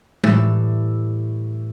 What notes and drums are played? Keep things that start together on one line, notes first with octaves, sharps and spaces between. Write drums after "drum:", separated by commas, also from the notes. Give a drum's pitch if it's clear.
A2 E3 G3 E6, drum: tom G#3